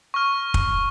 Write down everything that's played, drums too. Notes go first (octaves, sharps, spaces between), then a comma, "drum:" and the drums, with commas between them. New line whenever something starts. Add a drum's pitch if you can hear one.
C#6 F6
drum: kick